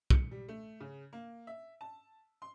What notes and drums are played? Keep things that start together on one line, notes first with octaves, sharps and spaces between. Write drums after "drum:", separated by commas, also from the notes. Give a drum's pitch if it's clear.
C#7, drum: kick
G3
A3
C#3
A#3
E5
A5
C6